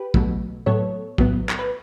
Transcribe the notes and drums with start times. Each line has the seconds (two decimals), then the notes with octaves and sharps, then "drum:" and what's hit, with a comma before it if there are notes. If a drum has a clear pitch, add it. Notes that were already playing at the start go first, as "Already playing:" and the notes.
Already playing: G4 B4
0.14 B2 F#3 A3, drum: kick
0.66 A2 F#3 B3 A4 C#5
1.18 A2 F#3 B3, drum: kick
1.49 drum: clap
1.59 B4